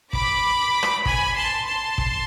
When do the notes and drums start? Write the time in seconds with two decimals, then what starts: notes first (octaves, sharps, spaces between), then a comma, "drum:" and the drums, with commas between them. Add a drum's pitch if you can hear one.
0.13 B5 D6, drum: kick
0.83 drum: rim click
1.06 G#5 B5, drum: kick
1.37 A5 C6
1.67 A5 C6
1.98 drum: kick